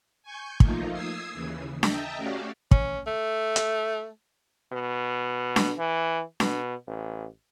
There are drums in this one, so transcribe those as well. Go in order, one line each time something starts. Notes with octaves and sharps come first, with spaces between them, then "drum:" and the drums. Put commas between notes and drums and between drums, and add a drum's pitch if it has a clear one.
G#5 C#6 G6
F3 A3 A#3 D#4 F4, drum: kick
D#6 E6 G#6 C7
D#2 C#3 E3
D#5 E5 G5 A5 A#5, drum: snare D4
A3 C#4 F#4 G4 D5 F5
C#4, drum: kick
A3
drum: hi-hat
B2
drum: snare D4
E3
B2, drum: snare D4
A1